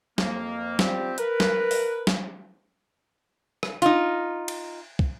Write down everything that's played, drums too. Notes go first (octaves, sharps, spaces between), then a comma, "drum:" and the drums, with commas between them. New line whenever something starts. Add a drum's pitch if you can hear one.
F2 A#3, drum: snare
F3 G3 C4 G4, drum: snare
A#4 B4, drum: hi-hat
drum: snare
drum: open hi-hat
drum: snare
drum: rim click
D#4 F4, drum: hi-hat
drum: cymbal
drum: kick